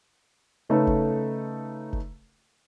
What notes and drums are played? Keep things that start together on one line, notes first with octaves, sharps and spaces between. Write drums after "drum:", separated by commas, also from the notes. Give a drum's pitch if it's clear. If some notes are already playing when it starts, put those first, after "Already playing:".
C#3 A3 C#4 D#4 A4 B4
drum: kick F#1
drum: kick F#1